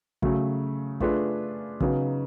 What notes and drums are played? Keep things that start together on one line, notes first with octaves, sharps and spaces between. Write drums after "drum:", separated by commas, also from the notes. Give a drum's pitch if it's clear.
C#3 F#3 A3, drum: kick
A3 D4 F4 G#4 B4, drum: kick
C#3 F#3 B3 D#4, drum: kick